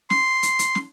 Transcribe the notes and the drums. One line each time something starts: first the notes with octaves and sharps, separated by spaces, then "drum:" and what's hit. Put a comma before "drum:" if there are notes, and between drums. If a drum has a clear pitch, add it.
C6, drum: snare
drum: hi-hat
drum: hi-hat
drum: snare